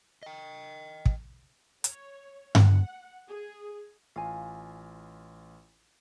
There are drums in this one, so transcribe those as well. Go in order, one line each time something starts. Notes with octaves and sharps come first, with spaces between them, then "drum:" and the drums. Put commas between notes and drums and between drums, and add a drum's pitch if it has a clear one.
D#5 G5
drum: kick
C#5, drum: hi-hat
F#5, drum: tom G2
G#4
A1 F4 F5 G#5